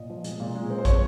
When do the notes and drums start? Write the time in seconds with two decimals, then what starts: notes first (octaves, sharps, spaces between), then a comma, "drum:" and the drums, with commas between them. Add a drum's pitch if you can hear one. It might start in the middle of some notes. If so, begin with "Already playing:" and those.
Already playing: A#2 D#5
0.10 F3
0.24 G#3, drum: hi-hat
0.40 A#2
0.55 G#3
0.70 C4
0.78 C5
0.85 F3 C#5, drum: kick, hi-hat